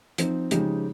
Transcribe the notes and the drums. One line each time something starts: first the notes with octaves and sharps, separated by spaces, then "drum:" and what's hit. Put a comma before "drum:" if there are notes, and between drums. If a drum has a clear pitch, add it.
F3 C4 D#4, drum: hi-hat
C#3 F3 G#3 D#4 G4, drum: hi-hat